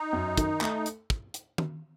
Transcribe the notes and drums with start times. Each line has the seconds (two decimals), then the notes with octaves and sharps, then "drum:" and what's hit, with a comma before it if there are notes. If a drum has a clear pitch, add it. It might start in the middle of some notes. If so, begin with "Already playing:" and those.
Already playing: D#4
0.13 F#2
0.37 D#3, drum: kick, hi-hat
0.61 A3, drum: clap
0.86 drum: hi-hat
1.10 drum: kick
1.34 drum: hi-hat
1.58 drum: tom D#3